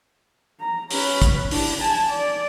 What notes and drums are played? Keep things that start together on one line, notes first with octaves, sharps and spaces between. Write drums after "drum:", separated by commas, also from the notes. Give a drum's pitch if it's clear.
A#5
C#4 B4, drum: open hi-hat
drum: kick, hi-hat
D4 E4, drum: open hi-hat
G#5 A5
D5